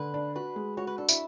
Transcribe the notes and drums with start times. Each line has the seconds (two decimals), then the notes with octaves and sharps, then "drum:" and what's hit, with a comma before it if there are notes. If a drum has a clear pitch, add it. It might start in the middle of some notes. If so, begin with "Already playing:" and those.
Already playing: D3 B4
0.14 D4
0.36 F#4 B4
0.56 G#3
0.77 F#4 C#5
0.87 B4
0.98 D4 A4
1.09 E4, drum: tambourine